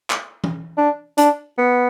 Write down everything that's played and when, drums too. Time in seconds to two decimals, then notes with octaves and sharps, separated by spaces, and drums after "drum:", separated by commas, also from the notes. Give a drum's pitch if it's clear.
0.10 drum: clap
0.44 drum: tom E3
0.77 D4
1.17 D4, drum: hi-hat
1.58 B3